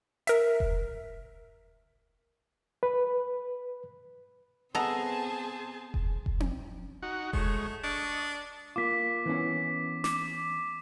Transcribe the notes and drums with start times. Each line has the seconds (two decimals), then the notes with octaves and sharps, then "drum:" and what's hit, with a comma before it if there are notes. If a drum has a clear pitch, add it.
0.27 A#4 E5, drum: hi-hat
0.60 drum: kick E1
2.83 B4
4.75 B3 C4 G#4 A4 C5 D#5 A5 A#5
5.94 drum: kick E1
6.26 drum: kick E1
6.40 drum: tom C4
7.03 D#4 F#4 F#5
7.33 G#3 A3 C#5, drum: kick E1
7.84 D4 D#5 C#6
8.76 A#3 F4 D6 B6
9.26 E3 B3 C#4
10.04 D6, drum: snare